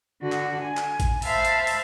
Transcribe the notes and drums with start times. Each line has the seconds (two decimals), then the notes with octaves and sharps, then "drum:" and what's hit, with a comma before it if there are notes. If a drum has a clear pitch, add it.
0.22 D3 F#4
0.32 drum: clap
0.61 G#5
0.77 drum: clap
1.00 drum: kick A1, hi-hat
1.22 C5 E5 F5 A5 B5, drum: open hi-hat
1.45 drum: hi-hat
1.67 drum: open hi-hat